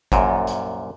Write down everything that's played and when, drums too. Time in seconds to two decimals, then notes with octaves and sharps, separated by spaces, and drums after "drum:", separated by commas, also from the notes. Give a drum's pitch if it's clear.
0.12 C2 F#2 A#2, drum: kick, hi-hat
0.47 drum: hi-hat